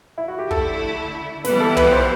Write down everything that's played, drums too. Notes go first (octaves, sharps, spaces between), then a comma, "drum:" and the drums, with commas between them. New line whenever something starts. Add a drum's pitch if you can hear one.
E4
F#4
G4
D3 A3 E4 A4, drum: kick
E3 G3 B3 E4 B4, drum: snare
A4
B4, drum: tom
C5